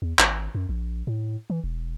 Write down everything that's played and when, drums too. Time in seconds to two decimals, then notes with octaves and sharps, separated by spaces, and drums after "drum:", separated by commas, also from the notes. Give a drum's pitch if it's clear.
0.02 E2
0.19 G#1, drum: clap
0.55 F#2
0.69 A#1
1.07 A2
1.50 E3
1.64 E1